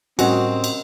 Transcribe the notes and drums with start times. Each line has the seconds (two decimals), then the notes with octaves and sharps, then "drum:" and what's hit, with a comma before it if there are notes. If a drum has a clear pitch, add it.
0.19 A2 G3 C4 C#4 F#4 A#4 D#5, drum: cymbal
0.64 drum: cymbal